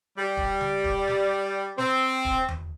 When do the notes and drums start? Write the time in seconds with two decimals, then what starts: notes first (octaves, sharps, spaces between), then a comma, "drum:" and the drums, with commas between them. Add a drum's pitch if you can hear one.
0.18 G3
0.37 drum: kick
0.61 drum: tom C#3
0.84 drum: kick
1.08 drum: snare
1.78 C4, drum: snare
2.25 drum: kick
2.48 drum: tom E2